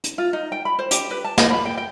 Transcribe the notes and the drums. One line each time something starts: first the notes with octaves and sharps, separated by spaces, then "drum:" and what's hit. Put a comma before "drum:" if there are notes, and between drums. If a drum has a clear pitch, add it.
drum: hi-hat
F4
D#4
G5
B5
C5
G4, drum: hi-hat
B4
A5
D#5, drum: snare
B5
G5
G5